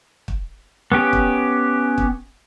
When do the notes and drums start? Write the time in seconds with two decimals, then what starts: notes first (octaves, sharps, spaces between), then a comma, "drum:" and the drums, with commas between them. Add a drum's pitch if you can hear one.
0.28 drum: kick
0.92 B3 C#4 G4
1.13 drum: kick
1.98 drum: kick